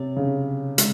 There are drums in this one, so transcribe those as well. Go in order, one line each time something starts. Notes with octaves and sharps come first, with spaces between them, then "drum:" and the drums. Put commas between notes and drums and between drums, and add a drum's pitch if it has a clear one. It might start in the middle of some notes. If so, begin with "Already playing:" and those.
Already playing: C3 C#5
C#3
G#3, drum: hi-hat